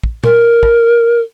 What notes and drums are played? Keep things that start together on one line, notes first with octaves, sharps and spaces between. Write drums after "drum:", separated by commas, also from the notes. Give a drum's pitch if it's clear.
drum: kick
A#4, drum: tom A#2
drum: kick